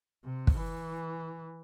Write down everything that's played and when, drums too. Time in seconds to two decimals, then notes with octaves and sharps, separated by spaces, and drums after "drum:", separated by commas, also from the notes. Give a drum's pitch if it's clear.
0.25 C3
0.47 drum: kick
0.56 E3